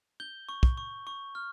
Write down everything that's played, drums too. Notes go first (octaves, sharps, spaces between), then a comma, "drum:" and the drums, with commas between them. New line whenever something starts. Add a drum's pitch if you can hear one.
G6 G7
C#6
drum: kick
C#6
C#6
F6